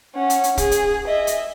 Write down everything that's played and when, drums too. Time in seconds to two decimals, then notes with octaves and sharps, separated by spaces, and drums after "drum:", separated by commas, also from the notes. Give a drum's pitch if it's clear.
0.15 C#4 F#5
0.30 drum: hi-hat
0.44 drum: hi-hat
0.58 G#4, drum: kick, hi-hat
0.71 drum: hi-hat
1.07 D#5 E5
1.27 drum: hi-hat